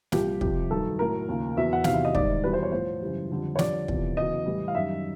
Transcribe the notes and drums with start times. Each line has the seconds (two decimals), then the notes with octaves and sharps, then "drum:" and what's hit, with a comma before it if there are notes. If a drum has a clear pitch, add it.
0.12 C2 A#2 F3 G4, drum: snare
0.41 F2 C3 F3 G4, drum: kick
0.70 G2 D#3 F#3 A4
0.99 A2 F#3 A#4
1.28 D#2 C#3 F3
1.57 E2 B2 F#3 E5
1.73 F#5
1.84 E2 C3 D#3 F#3 F5, drum: snare
1.94 E5
2.05 D#5
2.15 G#2 D#3 G3 D5, drum: kick
2.44 E2 B2 G3 B4
2.53 C5
2.63 C#5
2.72 A2 F3 C5
3.01 F#2 C#3 E3 G3
3.30 F2 D3 G3
3.56 C#5
3.59 F2 D3 G3 D5, drum: snare
3.88 E2 C3 F3, drum: kick
4.17 E2 C#3 F#3 D#5
4.46 A2 E3 G3
4.68 F5
4.75 F#2 D#3 G3 E5